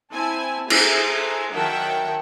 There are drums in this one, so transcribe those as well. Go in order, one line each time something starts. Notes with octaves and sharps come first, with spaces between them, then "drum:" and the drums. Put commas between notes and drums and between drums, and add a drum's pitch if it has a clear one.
C4 E4 G#5 A5
G#4 A4 C5 E5 G#5 A#5, drum: cymbal
D#3 F#3 E5 F#5 G5 A5